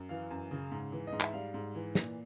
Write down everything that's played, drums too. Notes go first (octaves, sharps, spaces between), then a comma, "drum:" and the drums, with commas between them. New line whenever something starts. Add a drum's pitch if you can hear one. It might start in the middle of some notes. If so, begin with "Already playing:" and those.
Already playing: F#2
E3 F5
F#2
C#3
G#2
E3
D#5
G#2
E5, drum: clap
G3 F5
G#2
E3
A#2, drum: snare